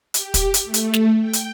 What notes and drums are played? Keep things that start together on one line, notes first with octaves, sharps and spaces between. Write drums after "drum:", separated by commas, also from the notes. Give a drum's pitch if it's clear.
G4, drum: hi-hat
drum: kick, hi-hat
drum: hi-hat
A3
drum: hi-hat
drum: snare
G5
drum: hi-hat